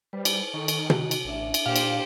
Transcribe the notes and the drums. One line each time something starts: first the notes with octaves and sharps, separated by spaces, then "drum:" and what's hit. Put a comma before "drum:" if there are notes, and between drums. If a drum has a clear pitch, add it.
G3 B4 C5
drum: cymbal
D#3 A4 C#6
drum: cymbal
F#4, drum: tom
drum: cymbal
A1 D4 D5 E5
drum: cymbal
A#2 D4 G4 C5 F5
drum: cymbal